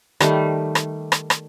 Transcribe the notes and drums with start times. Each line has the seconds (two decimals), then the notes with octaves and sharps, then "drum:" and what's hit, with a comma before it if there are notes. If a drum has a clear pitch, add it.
0.20 D#3 G3 A3, drum: rim click
0.75 drum: rim click
1.12 drum: rim click
1.30 drum: rim click